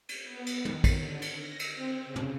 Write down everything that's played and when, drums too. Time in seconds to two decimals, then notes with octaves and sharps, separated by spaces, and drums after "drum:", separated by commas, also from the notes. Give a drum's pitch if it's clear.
0.09 drum: cymbal
0.24 B3
0.46 drum: cymbal
0.65 D#3, drum: tom
0.84 drum: kick, cymbal
1.00 D3
1.22 drum: cymbal
1.36 A#6
1.59 drum: cymbal
1.74 C4
2.06 C#3
2.16 drum: tom